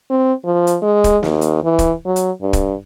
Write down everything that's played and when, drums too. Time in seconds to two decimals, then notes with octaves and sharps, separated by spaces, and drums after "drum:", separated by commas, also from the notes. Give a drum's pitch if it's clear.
0.10 C4
0.45 F3
0.67 drum: hi-hat
0.82 G#3
1.04 drum: kick, hi-hat
1.23 D#2, drum: snare
1.41 drum: hi-hat
1.64 E3
1.79 drum: kick, hi-hat
2.06 F#3
2.16 drum: hi-hat
2.42 G2
2.53 drum: kick, hi-hat